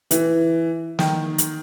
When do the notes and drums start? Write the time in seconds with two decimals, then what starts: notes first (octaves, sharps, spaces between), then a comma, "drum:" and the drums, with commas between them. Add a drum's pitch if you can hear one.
0.11 E3, drum: hi-hat
0.99 D#3, drum: snare
1.38 drum: hi-hat